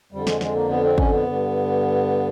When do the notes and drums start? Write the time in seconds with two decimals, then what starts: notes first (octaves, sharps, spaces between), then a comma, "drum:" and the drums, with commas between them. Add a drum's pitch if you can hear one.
0.12 F2 D3 G3
0.27 G#3, drum: snare
0.41 G#3, drum: snare
0.55 A#3
0.70 B3
0.84 C4
0.98 C#4, drum: kick
1.12 B3
1.27 G2 D3